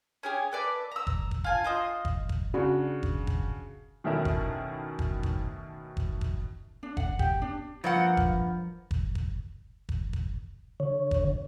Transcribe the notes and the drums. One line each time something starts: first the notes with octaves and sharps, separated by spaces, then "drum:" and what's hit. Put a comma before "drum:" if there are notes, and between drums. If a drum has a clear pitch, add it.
C#4 G4 G#4
A4 B4 D5 E5
A#5 E6
drum: kick
drum: kick
F4 G#5 A5
F4 C5 D#5
drum: kick
drum: kick
C#3 D4 F#4
drum: kick
drum: kick
B2 D#3 A3 C#4 E4 A#4
drum: kick
drum: kick
drum: kick
drum: kick
drum: kick
D4
F#5, drum: kick
G4, drum: kick
D4
G2 F3 A#3 F#5
drum: kick
drum: kick
drum: kick
drum: kick
drum: kick
D3 C#5
drum: kick